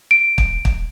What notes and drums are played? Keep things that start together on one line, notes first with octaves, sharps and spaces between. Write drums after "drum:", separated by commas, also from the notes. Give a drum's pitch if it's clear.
D7
drum: kick
drum: kick